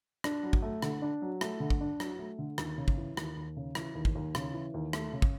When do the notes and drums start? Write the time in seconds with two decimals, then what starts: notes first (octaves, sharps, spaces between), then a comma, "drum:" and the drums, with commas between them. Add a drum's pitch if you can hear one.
0.24 D4, drum: rim click
0.43 F#3
0.53 drum: kick
0.62 A3
0.82 D3, drum: rim click
1.02 D4
1.22 F#3
1.41 A3, drum: rim click
1.60 D3
1.70 drum: kick
1.81 D4
2.00 F#3, drum: rim click
2.19 A3
2.39 D3
2.58 D#2, drum: rim click
2.78 C#3
2.88 drum: kick
2.97 E3
3.17 D#2, drum: rim click
3.37 D#2
3.56 C#3
3.75 E3, drum: rim click
3.95 D#2
4.05 drum: kick
4.15 D#2
4.35 C#3, drum: rim click
4.54 E3
4.74 D#2
4.93 A3, drum: rim click
5.13 C#3
5.22 drum: kick